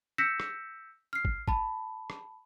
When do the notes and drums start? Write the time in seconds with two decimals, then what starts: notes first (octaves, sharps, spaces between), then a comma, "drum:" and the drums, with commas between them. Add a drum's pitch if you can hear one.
0.18 E6 G6 A#6 B6 C#7 E7
0.40 drum: rim click
1.13 F6 C7
1.25 drum: kick
1.48 A5 B5, drum: kick
2.10 drum: rim click